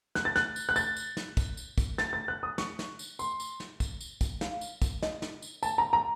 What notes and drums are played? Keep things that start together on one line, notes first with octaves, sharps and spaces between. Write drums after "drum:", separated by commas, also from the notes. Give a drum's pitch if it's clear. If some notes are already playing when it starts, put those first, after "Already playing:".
F#6, drum: snare
A6
F#6, drum: snare
drum: tambourine
F#6
A6, drum: tambourine
drum: tambourine
drum: snare
drum: kick, tambourine
drum: tambourine
drum: kick, tambourine
A6, drum: snare
A6
F#6
D#6
C#6, drum: snare
drum: snare
drum: tambourine
C6, drum: tambourine
drum: tambourine
drum: snare
drum: kick, tambourine
drum: tambourine
drum: kick, tambourine
F5, drum: snare
drum: tambourine
drum: kick, tambourine
D#5, drum: snare
drum: snare
drum: tambourine
A5, drum: tambourine
A#5
A#5